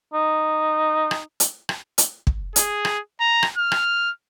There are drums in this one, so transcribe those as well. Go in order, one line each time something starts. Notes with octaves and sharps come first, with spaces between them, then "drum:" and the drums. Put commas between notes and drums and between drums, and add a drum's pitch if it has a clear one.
D#4
drum: rim click
drum: hi-hat
drum: rim click
drum: hi-hat
drum: kick
G#4, drum: hi-hat
drum: rim click
A#5
drum: rim click
F6
drum: rim click